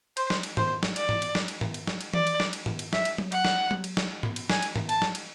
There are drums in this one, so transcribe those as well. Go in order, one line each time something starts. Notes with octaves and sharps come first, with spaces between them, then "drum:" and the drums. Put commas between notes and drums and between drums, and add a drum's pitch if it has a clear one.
C5, drum: cymbal
drum: snare
drum: cymbal
C5, drum: tom
drum: snare
D5, drum: cymbal
drum: tom G#2
drum: cymbal
drum: snare
drum: cymbal
drum: tom
drum: cymbal
drum: snare
drum: cymbal
D5, drum: tom E3
drum: cymbal
drum: snare
drum: cymbal
drum: tom
drum: cymbal
E5, drum: snare
drum: cymbal
drum: tom F#3
F#5, drum: cymbal
drum: snare
drum: tom F#3
drum: cymbal
drum: snare
drum: tom G#2
drum: cymbal
G#5, drum: snare
drum: cymbal
drum: tom
A5, drum: cymbal
drum: snare
drum: cymbal